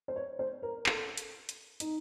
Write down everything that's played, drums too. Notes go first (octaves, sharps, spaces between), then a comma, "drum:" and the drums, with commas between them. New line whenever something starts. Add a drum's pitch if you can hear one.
C5
C#5
C5
A#4
A4, drum: clap
drum: hi-hat
drum: hi-hat
D#4, drum: hi-hat